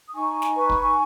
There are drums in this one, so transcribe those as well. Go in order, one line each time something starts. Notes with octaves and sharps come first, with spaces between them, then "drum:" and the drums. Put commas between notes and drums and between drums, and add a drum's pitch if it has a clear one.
D#6
D#4 G#5 C#6
drum: snare
B4
drum: kick